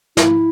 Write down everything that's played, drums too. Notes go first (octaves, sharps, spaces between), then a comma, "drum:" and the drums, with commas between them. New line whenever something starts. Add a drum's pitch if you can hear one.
E4, drum: snare